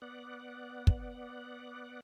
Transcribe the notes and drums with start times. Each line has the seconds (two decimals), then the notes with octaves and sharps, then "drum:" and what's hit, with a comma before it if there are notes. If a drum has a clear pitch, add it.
0.02 B3 D5 F#5
0.87 drum: kick